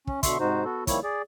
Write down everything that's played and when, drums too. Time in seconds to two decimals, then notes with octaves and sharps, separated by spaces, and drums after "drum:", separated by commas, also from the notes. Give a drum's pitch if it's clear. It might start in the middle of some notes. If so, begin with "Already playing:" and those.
0.07 C#4, drum: kick
0.23 B2 D3 E5 C6 C#6, drum: kick, hi-hat
0.40 G#2 C3 D#4 F#4 C5
0.65 B3 F#4 A4
0.87 D#3 F3 G3 A#3 E4 C#5, drum: kick, hi-hat
1.04 G#4 D5